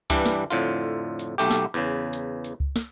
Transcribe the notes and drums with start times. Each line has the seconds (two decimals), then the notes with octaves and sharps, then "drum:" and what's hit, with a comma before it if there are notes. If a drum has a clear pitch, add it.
0.10 G2 E3 G3 D4, drum: kick C#2
0.25 drum: snare
0.50 F2 A2 D3 F4
1.19 drum: hi-hat
1.38 B1 A3 G4
1.51 drum: snare
1.74 E2 C#3
2.13 drum: hi-hat
2.44 drum: hi-hat
2.60 drum: kick C#2
2.76 drum: snare